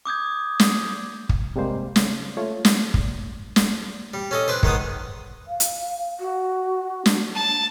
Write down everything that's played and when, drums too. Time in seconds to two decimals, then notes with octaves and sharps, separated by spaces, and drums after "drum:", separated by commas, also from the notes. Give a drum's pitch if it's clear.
0.05 D6 D#6 G6 G#6
0.60 drum: snare
1.29 drum: kick
1.56 C3 G3 G#3 A#3 C5
1.96 C#3, drum: snare
2.37 A3 F4 C#5
2.65 drum: snare
2.94 drum: kick
3.56 drum: snare
4.14 G3
4.31 C#4 A4 D#5
4.48 D4 B4 C5
4.63 D#3 G#3 B3 D#6, drum: kick
5.48 F5
5.60 drum: hi-hat
6.20 F#4
7.06 D4, drum: snare
7.35 A5